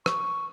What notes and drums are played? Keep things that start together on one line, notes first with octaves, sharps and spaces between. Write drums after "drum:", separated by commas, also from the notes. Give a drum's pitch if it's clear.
C#6, drum: rim click